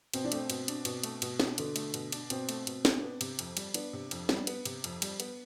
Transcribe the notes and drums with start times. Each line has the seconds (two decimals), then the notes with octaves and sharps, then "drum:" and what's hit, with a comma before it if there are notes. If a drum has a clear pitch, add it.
0.14 B2 C4, drum: cymbal
0.25 D4
0.32 A3 C4, drum: cymbal
0.50 B2, drum: cymbal
0.68 D4, drum: cymbal
0.85 B2, drum: cymbal
1.03 A3, drum: cymbal
1.22 B2, drum: cymbal
1.40 D4, drum: snare
1.58 B2 D3, drum: cymbal
1.76 A3, drum: cymbal
1.94 B2, drum: cymbal
2.12 D4, drum: cymbal
2.30 B2 C4, drum: cymbal
2.49 A3, drum: cymbal
2.67 B2, drum: cymbal
2.85 D4, drum: snare
3.03 B3
3.21 C3, drum: cymbal
3.39 F2, drum: cymbal
3.57 G3, drum: cymbal
3.74 B3 D4, drum: cymbal
3.93 C3
4.11 F2, drum: cymbal
4.29 G3, drum: snare
4.47 B3, drum: cymbal
4.65 C3, drum: cymbal
4.84 F2, drum: cymbal
5.02 G3, drum: cymbal
5.20 B3, drum: cymbal